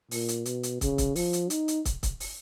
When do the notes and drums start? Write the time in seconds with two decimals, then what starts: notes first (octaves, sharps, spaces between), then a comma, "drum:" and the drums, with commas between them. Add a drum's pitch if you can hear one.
0.11 A#2, drum: open hi-hat
0.28 drum: hi-hat
0.45 B2, drum: hi-hat
0.63 drum: hi-hat
0.81 C#3, drum: kick, hi-hat
0.98 drum: kick, hi-hat
1.15 F3, drum: open hi-hat
1.33 drum: hi-hat
1.50 D#4, drum: hi-hat
1.68 drum: hi-hat
1.85 drum: kick, hi-hat
2.03 drum: kick, hi-hat
2.20 drum: open hi-hat